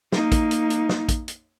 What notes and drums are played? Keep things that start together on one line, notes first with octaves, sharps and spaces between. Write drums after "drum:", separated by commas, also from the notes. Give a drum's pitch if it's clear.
A#3 D#4, drum: snare
drum: kick, hi-hat
drum: hi-hat
drum: hi-hat
drum: snare
drum: kick, hi-hat
drum: hi-hat